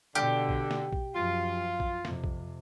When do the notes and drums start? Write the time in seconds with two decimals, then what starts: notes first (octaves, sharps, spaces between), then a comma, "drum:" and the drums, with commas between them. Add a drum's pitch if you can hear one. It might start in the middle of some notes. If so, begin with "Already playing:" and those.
0.15 B2 D3 G4
0.49 drum: kick A#1
0.71 drum: snare
0.93 drum: kick A#1
1.14 F#2 F3 F4
1.80 drum: kick A#1
2.05 F2 C3, drum: snare
2.24 drum: kick A#1